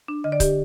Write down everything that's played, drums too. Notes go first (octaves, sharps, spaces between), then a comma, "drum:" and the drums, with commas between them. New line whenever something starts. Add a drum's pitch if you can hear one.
D4
D3 D#5
D5
D4 G4, drum: kick C#1, hi-hat